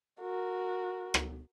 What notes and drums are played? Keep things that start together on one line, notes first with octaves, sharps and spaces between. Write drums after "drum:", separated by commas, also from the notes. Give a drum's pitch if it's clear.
F#4 A#4
drum: rim click